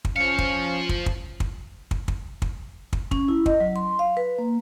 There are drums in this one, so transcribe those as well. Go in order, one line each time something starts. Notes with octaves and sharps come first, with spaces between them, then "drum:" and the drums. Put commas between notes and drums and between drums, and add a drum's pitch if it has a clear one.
drum: kick
F3 C#4 C5 F5 C#7
drum: kick
drum: kick
drum: kick
drum: kick
drum: kick
drum: kick
drum: kick
drum: kick
C#4, drum: kick
E4
D#5, drum: kick
F#3
C6
F5
B4
A#3